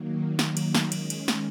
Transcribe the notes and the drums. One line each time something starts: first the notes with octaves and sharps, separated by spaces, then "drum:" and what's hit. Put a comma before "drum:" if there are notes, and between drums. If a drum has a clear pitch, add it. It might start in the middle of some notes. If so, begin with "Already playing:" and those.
Already playing: D#3 F#3 A#3
drum: snare
drum: cymbal
drum: snare
D#3 G#3 C#4, drum: cymbal
drum: cymbal
drum: snare